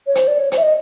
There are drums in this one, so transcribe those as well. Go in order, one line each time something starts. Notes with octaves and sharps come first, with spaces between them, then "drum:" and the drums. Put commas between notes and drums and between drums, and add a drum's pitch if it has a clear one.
C#5
C5, drum: hi-hat
D5
C#5
C5, drum: hi-hat
E5
D#5